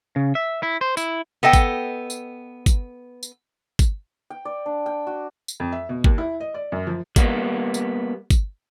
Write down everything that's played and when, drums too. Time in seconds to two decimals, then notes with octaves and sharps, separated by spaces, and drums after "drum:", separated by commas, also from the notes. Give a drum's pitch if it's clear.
0.16 C#3
0.35 E5
0.63 E4
0.81 C5
0.97 E4, drum: tambourine
1.43 B3 A4 D#5 G5
1.53 drum: kick, tambourine
2.10 drum: tambourine
2.66 drum: kick, tambourine
3.23 drum: tambourine
3.79 drum: kick, tambourine
4.30 G5
4.45 D5
4.66 D4
4.86 G5
5.07 F#4
5.48 drum: tambourine
5.60 F2
5.72 E5
5.89 B2
6.04 D#2, drum: kick
6.18 E4
6.40 D#5
6.54 D5
6.72 F#2
6.87 F3
7.16 G3 A#3 B3, drum: kick, tambourine
7.74 drum: tambourine
8.30 drum: kick, tambourine